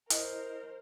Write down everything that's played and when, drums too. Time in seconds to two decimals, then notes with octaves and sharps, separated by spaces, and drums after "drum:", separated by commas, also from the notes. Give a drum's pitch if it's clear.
0.10 E4 A#4 C5 D#5, drum: hi-hat